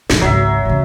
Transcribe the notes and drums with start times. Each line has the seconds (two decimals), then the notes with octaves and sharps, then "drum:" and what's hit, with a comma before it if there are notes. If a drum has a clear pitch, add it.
0.10 B1 E2, drum: snare
0.21 G#1 C#2 F#3 E5
0.65 D#2 C#3